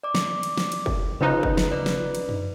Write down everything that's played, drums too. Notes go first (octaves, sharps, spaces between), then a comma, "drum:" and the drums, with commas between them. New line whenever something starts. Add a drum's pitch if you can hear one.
D5 D6
drum: snare
drum: cymbal
drum: snare
drum: cymbal
drum: kick
C#3 F3 D#4 B4 F#6
drum: kick
drum: snare
B4 D5
drum: snare
drum: cymbal
drum: tom F#2